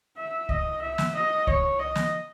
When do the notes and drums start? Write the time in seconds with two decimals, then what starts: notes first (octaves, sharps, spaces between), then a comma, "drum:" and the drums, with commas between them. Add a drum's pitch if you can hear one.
0.17 E5
0.49 D#5, drum: kick C#2
0.82 E5
0.98 drum: snare
1.15 D#5
1.47 C#5, drum: kick C#2
1.80 D#5
1.95 drum: snare